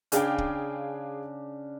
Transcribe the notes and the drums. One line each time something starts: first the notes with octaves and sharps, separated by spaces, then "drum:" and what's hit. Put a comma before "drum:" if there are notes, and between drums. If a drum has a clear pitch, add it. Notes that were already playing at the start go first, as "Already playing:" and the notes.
C#3 D4 G#4 F5 G5 D6, drum: hi-hat
drum: kick